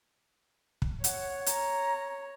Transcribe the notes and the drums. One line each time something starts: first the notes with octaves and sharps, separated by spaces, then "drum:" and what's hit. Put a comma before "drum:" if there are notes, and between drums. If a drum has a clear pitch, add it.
drum: kick
C#5 F#5, drum: hi-hat
A#5, drum: hi-hat